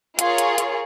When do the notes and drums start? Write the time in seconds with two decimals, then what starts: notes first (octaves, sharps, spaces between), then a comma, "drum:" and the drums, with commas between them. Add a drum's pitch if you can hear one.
0.19 F4 G#4 A#4 C#5, drum: hi-hat
0.38 drum: hi-hat
0.58 drum: hi-hat